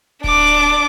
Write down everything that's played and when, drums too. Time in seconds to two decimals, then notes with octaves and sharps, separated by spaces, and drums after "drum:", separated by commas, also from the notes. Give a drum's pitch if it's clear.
0.24 D4 D6, drum: kick D1